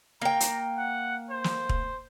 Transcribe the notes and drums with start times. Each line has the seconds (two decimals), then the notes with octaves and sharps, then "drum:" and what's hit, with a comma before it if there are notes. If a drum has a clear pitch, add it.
0.22 A#3 G5 A#5
0.40 drum: hi-hat
0.78 F#5
1.30 C5
1.44 drum: snare
1.69 drum: kick